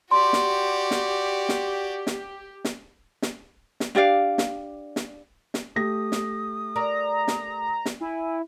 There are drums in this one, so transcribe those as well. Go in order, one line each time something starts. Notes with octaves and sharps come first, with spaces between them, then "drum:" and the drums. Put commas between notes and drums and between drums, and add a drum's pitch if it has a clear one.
F#4 G4 D5 C6
drum: snare
drum: snare
drum: snare
drum: snare
drum: snare
drum: snare
drum: snare
D4 G4 D5 F5
drum: snare
drum: snare
drum: snare
A3 G4 D#6 A#6
drum: snare
A#4 D5 A#5
drum: snare
drum: snare
E4 G#5